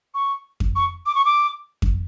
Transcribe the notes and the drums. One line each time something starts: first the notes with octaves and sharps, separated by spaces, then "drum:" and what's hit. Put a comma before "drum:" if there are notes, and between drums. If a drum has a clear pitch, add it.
C#6
drum: kick F2
C#6
D6
C#6
D6
drum: kick F2